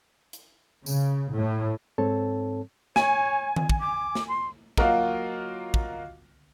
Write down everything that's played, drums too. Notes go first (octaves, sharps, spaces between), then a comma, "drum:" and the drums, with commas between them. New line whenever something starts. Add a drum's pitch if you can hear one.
drum: hi-hat
C#3, drum: tambourine
A2
G#2 C4 A4 C#5 A5
C#5 G#5, drum: snare
drum: tom D#3
drum: kick
D6
drum: snare
C6
F#3 A#3 F4 F#4 A#4 D#5, drum: kick
drum: kick